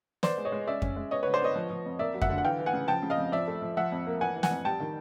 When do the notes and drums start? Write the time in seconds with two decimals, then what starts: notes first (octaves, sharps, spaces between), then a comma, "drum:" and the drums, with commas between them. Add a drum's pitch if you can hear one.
0.23 B3 C5 D5, drum: snare
0.38 G#3
0.45 C#5 D#5
0.52 G#3
0.67 C#4 D5 E5
0.82 C#4, drum: kick F2
0.96 G#3
1.11 B3 C#5 D#5
1.23 B4 C#5
1.27 D3
1.33 C5 D5
1.41 B3 C#5 D#5
1.55 F3
1.70 F3
1.86 F2
1.99 A#3 D5 E5
2.14 F#3
2.22 E5 F#5, drum: kick F2
2.29 D3
2.38 F#5
2.44 E3 F5 G5
2.59 E3
2.66 F#5 G#5
2.73 C#3
2.88 F3 G5 A5
3.03 C#3
3.10 D#5 F5
3.18 F2
3.32 F3 D5 E5
3.48 A3
3.62 F3
3.77 F3 E5 F#5
3.92 F2
4.07 A#3
4.21 E3 F#5 G#5
4.35 E3
4.43 F#5 G#5, drum: snare
4.51 F2
4.65 G3 G5 A5
4.80 D#3